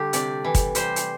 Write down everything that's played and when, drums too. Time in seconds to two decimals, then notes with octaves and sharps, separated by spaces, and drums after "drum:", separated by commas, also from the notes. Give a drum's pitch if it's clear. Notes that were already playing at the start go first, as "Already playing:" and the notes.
Already playing: D3 G3 A3 G4
0.13 C3 D5, drum: hi-hat
0.44 E3
0.55 drum: kick, hi-hat
0.75 G3 C5, drum: hi-hat
0.96 drum: hi-hat